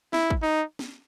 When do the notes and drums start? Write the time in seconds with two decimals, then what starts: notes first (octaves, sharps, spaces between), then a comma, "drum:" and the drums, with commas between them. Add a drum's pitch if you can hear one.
0.13 E4, drum: snare
0.30 drum: kick
0.42 D#4
0.79 drum: snare